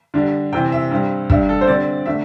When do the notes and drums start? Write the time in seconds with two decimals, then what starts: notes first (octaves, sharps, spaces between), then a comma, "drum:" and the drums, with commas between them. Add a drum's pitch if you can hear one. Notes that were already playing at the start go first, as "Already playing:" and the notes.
0.14 D3 G3 D4
0.52 C3 E3 C4 G5
0.72 E5
0.91 G2 G3 C4
1.30 G2 G3 D4 E5, drum: kick
1.49 A4
1.61 C5
1.67 D3 G3 C4 D5
2.06 D3 A3 D4 E5